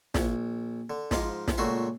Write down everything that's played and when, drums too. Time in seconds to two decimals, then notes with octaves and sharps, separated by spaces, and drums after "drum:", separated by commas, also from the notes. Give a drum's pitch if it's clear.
0.14 A#1, drum: snare
0.90 D3
1.11 G#2 F3 D#5 F5 D6, drum: snare
1.48 drum: snare
1.58 C#2 A#2 A3 F#4 E5 C6